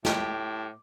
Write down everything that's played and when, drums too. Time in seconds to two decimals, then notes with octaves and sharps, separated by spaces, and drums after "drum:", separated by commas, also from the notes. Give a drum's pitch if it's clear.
0.05 A2 G4, drum: snare